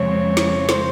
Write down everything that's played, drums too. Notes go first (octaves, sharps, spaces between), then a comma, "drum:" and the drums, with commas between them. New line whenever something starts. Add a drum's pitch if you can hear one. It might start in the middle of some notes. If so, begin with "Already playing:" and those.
Already playing: F2 C#3 F3 G#3 C4 C#5
drum: snare
C5, drum: snare